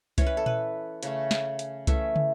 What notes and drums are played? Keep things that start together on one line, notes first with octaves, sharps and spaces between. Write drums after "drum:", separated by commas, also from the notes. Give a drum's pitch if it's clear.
E3 C#4 C#5, drum: kick C2, hi-hat
B4
A4
B4, drum: tom A#2
C#3 A3 C#4, drum: hi-hat
drum: snare
drum: hi-hat
E3 A3 C#4 E5, drum: kick C2, hi-hat
drum: tom